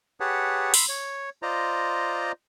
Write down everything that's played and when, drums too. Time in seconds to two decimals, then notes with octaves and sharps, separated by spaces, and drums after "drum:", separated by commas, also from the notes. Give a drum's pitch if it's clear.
0.20 G4 G#4 B4 C#5 F#5 A5
0.74 B5 C6 E6, drum: open hi-hat
0.89 C#5
1.42 F4 C5 D5 D#5 A#5